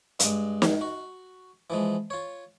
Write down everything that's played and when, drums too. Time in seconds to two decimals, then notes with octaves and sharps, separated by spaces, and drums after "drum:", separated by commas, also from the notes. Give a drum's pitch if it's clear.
0.20 G2 G#3, drum: hi-hat
0.62 drum: snare
0.81 F#4
1.70 E3 F3 G#3
2.10 F4 C#5